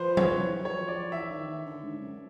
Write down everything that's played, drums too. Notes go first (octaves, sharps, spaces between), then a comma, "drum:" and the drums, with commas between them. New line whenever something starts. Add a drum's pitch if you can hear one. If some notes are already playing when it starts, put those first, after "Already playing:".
Already playing: F3 B4 C5
C#5, drum: tom F#3
E3
F#3
C#5
F3
D5
F3
E3 E5
D#3
D#3
D3
G#2
F#2